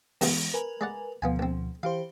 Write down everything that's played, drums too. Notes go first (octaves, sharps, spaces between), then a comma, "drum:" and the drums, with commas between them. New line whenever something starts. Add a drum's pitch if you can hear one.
F#2 C#3 E3 G#3 B3, drum: open hi-hat
A#4 B4 G#5
G#3 D5 F#5
D2 B2 F3 B3 F4 G#5
A#1 C4
E3 G4 C5 F5